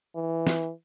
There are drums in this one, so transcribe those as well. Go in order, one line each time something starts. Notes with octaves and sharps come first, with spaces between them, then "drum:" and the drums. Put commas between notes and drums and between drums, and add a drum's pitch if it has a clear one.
E3
drum: snare